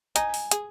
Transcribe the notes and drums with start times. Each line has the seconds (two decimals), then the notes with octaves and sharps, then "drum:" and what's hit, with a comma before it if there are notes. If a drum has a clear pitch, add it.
0.16 D#4 G#5, drum: hi-hat
0.34 drum: open hi-hat
0.51 G#4, drum: hi-hat